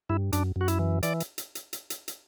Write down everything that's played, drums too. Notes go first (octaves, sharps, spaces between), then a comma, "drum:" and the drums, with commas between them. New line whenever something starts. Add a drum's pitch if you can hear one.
G2 E4
F#2 D4, drum: hi-hat
F#2 F#4
E4, drum: hi-hat
E3
E3 D5, drum: hi-hat
drum: hi-hat
drum: hi-hat
drum: hi-hat
drum: hi-hat
drum: hi-hat
drum: hi-hat